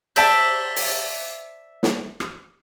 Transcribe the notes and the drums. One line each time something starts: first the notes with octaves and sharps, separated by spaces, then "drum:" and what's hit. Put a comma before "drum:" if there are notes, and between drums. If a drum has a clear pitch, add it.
C5 D5 E5 A5, drum: cymbal
drum: open hi-hat
drum: snare
drum: rim click